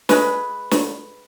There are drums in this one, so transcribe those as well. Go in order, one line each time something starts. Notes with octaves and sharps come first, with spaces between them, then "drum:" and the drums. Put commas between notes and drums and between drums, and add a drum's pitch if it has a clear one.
G#3 B4, drum: snare
drum: snare